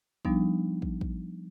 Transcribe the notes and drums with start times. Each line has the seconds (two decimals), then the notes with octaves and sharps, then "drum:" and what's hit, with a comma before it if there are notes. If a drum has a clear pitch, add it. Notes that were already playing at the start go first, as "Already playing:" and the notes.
0.25 F3 G3 B3 D4 D#4, drum: kick
0.82 drum: kick
1.01 drum: kick